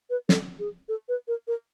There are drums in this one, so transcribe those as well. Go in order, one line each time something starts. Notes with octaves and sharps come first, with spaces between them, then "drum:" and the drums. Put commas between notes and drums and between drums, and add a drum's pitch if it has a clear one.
B4
A4, drum: snare
G#4
A4
B4
A#4
A#4